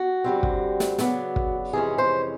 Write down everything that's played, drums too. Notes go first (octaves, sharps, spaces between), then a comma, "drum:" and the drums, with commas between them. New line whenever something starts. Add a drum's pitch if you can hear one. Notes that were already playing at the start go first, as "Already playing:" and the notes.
Already playing: F#4
G2 D3 G3 C4
drum: kick
drum: snare
C#3 F#3 B3 D4, drum: snare
drum: kick
F2 C3 E3 G#3 C#4 G#4
C5